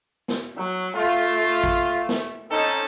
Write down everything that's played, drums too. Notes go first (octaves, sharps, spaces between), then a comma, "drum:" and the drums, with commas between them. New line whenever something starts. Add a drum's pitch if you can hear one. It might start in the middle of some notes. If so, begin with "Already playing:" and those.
drum: snare
F#3
A3 F4
drum: kick A1
drum: snare
C4 C#4 D#4 A4